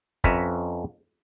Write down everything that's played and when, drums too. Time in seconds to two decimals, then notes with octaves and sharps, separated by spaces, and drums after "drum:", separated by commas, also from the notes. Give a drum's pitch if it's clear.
0.24 F2 C#4 B4 E5 A#5, drum: kick